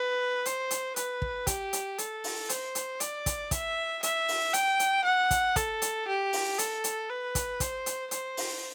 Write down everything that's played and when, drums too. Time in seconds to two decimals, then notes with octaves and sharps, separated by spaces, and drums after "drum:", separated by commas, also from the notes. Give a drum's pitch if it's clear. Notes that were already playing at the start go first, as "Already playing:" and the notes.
Already playing: B4
0.46 C5, drum: hi-hat
0.71 drum: hi-hat
0.96 B4, drum: hi-hat
1.22 drum: kick
1.47 G4, drum: kick, hi-hat
1.73 drum: hi-hat
1.98 A4, drum: hi-hat
2.24 drum: open hi-hat
2.49 C5, drum: hi-hat
2.75 drum: hi-hat
3.00 D5, drum: hi-hat
3.26 drum: kick, hi-hat
3.51 E5, drum: kick, hi-hat
4.03 E5, drum: hi-hat
4.28 drum: open hi-hat
4.54 G5, drum: hi-hat
4.79 drum: hi-hat
5.05 F#5
5.31 drum: kick, hi-hat
5.56 A4, drum: kick, hi-hat
5.82 drum: hi-hat
6.08 G4
6.33 drum: open hi-hat
6.59 A4, drum: hi-hat
6.84 drum: hi-hat
7.10 B4
7.35 drum: kick, hi-hat
7.60 C5, drum: kick, hi-hat
7.86 drum: hi-hat
8.11 C5, drum: hi-hat
8.37 drum: open hi-hat